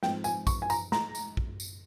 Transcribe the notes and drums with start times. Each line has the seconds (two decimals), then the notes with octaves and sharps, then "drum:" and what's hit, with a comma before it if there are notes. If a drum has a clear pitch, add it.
0.03 G#2 F3 C4 G5, drum: snare
0.24 G#5, drum: tambourine
0.47 C#6, drum: kick A#1, tambourine
0.62 G#5
0.70 A#5, drum: tambourine
0.92 A#5, drum: snare
1.15 drum: tambourine
1.37 drum: kick A#1
1.60 drum: tambourine